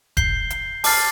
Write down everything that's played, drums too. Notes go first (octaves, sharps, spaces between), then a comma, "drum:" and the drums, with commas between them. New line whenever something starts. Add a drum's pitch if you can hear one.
G6 C7 G7, drum: kick E1, hi-hat
drum: hi-hat
A5 D6 F6 A6 C7, drum: open hi-hat